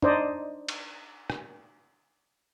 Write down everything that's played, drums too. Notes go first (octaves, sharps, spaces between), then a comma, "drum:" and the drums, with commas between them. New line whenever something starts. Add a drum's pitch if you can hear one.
D4 D#4 C5 D5 D#5, drum: tom F2
drum: cymbal
drum: rim click